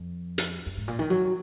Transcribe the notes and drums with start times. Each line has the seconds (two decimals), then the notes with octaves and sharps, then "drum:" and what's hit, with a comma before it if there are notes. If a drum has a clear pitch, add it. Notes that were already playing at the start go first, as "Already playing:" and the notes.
Already playing: F2
0.38 drum: hi-hat
0.66 F#2
0.77 G#2
0.88 A#2
0.99 D#3
1.10 F#3